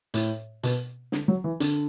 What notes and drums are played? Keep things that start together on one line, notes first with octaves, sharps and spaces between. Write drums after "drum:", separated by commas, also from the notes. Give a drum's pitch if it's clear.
A2, drum: hi-hat
B2, drum: hi-hat
D3, drum: snare
F#3
E3
D3, drum: hi-hat